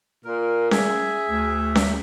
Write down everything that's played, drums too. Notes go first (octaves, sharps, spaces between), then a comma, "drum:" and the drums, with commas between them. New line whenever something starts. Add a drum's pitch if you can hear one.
A#2 A#4
G#4 E5, drum: snare C#4
D2 A3
drum: snare C#4